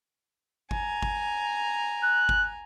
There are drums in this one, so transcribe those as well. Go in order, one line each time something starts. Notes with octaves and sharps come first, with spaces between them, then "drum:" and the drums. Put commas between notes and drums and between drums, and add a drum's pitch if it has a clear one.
G#5 A#5, drum: kick G1
drum: kick G1
F#6
drum: kick G1